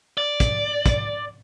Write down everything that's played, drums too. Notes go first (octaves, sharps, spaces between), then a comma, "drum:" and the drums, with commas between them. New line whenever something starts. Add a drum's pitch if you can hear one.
D5
drum: kick, hi-hat
drum: kick, hi-hat